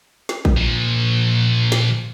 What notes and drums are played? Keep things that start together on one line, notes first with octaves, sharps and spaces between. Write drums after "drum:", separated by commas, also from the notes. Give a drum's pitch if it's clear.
drum: snare
drum: kick A1
A#2 F3
drum: snare